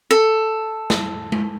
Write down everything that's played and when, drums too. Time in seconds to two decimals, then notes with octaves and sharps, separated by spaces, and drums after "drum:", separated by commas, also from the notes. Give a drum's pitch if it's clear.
0.11 A4
0.90 drum: snare
1.32 drum: tom G#3